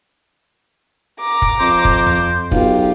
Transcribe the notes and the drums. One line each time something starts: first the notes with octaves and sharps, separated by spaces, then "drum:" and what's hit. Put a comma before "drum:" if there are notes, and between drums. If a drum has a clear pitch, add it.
A#5 D6
drum: kick
F2 C5
drum: kick
drum: tom F2
B1 F4 G4, drum: kick